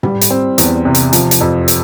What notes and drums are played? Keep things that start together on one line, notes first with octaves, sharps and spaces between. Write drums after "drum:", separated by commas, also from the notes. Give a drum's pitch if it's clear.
G3, drum: tom
drum: hi-hat
C4
E2, drum: hi-hat
C3
drum: hi-hat
F3, drum: hi-hat
drum: hi-hat
F2
drum: hi-hat